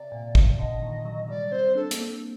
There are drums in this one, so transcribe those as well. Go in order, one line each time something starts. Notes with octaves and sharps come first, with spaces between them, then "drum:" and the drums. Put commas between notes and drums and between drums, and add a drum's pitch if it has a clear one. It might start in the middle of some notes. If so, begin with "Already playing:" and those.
Already playing: C3 D5
A#2
C3, drum: kick
D3 D#5
D#3
F#3
G3 D5
C4 C5
D4 A4
A#3, drum: hi-hat
C4